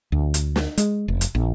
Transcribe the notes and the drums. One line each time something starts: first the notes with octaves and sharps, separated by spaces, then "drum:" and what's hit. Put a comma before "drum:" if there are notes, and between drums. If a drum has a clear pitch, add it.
D2
drum: hi-hat
drum: snare
G#3, drum: hi-hat
F1
drum: hi-hat
A#1